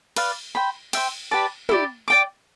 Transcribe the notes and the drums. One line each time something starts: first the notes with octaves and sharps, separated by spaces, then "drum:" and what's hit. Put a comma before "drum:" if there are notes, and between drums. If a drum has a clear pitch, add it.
B4 D5 F5, drum: cymbal
C5 G5 B5
C5 E5 G5, drum: cymbal
G4 B4 D5 A5
E4 G4 D5, drum: tom
D5 G5 D6